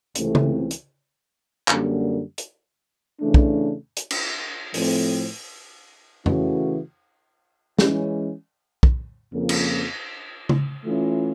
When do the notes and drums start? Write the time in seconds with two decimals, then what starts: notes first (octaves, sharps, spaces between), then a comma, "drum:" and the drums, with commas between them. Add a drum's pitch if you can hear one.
0.15 C#2 C3 E3 A3 C4, drum: hi-hat
0.35 drum: tom
0.71 drum: hi-hat
1.68 F#2 D3 G3 A#3, drum: clap
2.38 drum: hi-hat
3.20 C#3 E3 A3 D4
3.34 drum: kick
3.97 drum: hi-hat
4.11 drum: cymbal
4.74 A2 F3 A3 C4, drum: open hi-hat
6.26 C#3 E3 A3 C#4 F#4, drum: tom
7.79 E3 G#3 C#4, drum: snare
8.83 drum: kick
9.31 F2 C#3 F3 A#3
9.49 drum: cymbal
10.49 drum: tom
10.84 E3 A3 C#4 F4